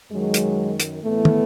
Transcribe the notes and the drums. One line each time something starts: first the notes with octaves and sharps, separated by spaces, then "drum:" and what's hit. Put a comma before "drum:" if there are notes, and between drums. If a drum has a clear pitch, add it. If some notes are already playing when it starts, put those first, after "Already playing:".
F#2 D#3 F#3 G#3
drum: hi-hat
drum: hi-hat
A2 E3 A3 B3
drum: tom